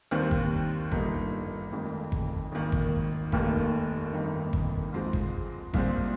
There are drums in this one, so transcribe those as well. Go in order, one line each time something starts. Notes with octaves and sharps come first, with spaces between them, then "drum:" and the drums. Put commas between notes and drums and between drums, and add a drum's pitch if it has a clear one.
D#2 D#3 G3 C4
drum: kick G#1
G1 G2 F3 A#3 D#4, drum: kick G#1
F1 F2 D#3 G#3
drum: kick G#1
G#1 G#2 D#3 A#3
drum: kick G#1
F1 D#2 D#3 A#3, drum: kick G#1
G1 F2 D#3 A#3 D#4
drum: kick G#1
G#2 F3 G#3 C4
drum: kick G#1
C2 A#2 F3 G#3 C4, drum: kick G#1